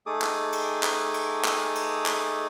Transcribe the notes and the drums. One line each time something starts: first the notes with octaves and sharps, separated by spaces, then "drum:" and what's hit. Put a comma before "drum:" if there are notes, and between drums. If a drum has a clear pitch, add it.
A3 D#4 G#4 A4 D6 D#6
drum: clap
drum: cymbal
drum: clap
drum: cymbal
drum: clap
drum: cymbal
drum: clap